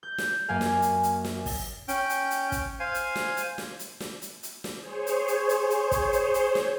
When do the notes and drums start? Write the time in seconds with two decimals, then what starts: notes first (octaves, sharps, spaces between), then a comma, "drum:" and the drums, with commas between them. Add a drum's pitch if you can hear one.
0.03 G6
0.18 drum: snare
0.48 F#2 A#3 F5 G#5
0.61 drum: snare
0.82 drum: hi-hat
1.03 drum: hi-hat
1.24 drum: snare
1.46 drum: kick, open hi-hat
1.88 C#4 G5, drum: hi-hat
2.09 drum: hi-hat
2.31 drum: hi-hat
2.52 drum: kick, hi-hat
2.80 C5 F5 G#5
2.94 drum: hi-hat
3.16 drum: snare
3.37 drum: hi-hat
3.58 drum: snare
3.79 drum: hi-hat
4.00 drum: snare
4.22 drum: hi-hat
4.43 drum: hi-hat
4.64 drum: snare
4.78 G#4 C5 C#5
5.07 drum: hi-hat
5.28 drum: hi-hat
5.49 drum: hi-hat
5.70 drum: hi-hat
5.91 drum: kick, hi-hat
6.13 drum: hi-hat
6.34 drum: hi-hat
6.55 drum: snare